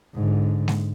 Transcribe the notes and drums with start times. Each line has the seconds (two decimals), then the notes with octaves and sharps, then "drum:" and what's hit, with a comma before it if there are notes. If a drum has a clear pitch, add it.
0.14 G#2 D3
0.68 drum: snare G#3